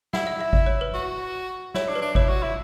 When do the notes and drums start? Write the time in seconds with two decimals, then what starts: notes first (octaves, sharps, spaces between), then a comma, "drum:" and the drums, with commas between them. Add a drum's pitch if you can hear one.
0.13 E4 F#5, drum: snare
0.27 E5
0.41 E5
0.53 D5, drum: kick G#1
0.66 C#5
0.81 B4
0.94 F#4
1.74 E4 C#5, drum: snare
1.88 D4
1.95 B4
2.02 D4
2.15 E4 C#5, drum: kick G#1
2.29 F#4
2.43 E4